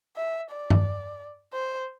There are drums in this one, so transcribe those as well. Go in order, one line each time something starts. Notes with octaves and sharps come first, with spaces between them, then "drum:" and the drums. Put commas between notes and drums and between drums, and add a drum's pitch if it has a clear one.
E5
D5
drum: tom G2
C5